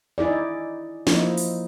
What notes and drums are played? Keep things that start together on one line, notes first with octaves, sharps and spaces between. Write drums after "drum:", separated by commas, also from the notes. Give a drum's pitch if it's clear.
D#4 E4 G#4 D5
F3 A#3 D#4 E4, drum: snare
drum: open hi-hat